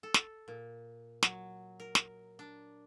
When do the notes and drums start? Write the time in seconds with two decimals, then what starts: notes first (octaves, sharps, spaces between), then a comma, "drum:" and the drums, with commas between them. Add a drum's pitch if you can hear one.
0.03 A4
0.14 drum: snare
0.48 A#2
1.23 F#3, drum: snare
1.80 A#4
1.95 drum: snare
2.39 D4